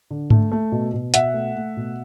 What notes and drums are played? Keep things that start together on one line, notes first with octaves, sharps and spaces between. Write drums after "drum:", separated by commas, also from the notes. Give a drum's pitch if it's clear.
D3
A3, drum: tom G#2
A3
B2
B2
B2 E5 F#5, drum: hi-hat
A3
A3
B2